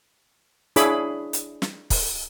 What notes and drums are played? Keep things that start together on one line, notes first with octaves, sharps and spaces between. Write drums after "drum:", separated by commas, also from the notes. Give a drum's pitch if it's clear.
D4 E4 G#4 C#5 B5 D6, drum: hi-hat
drum: hi-hat
drum: snare
drum: kick, open hi-hat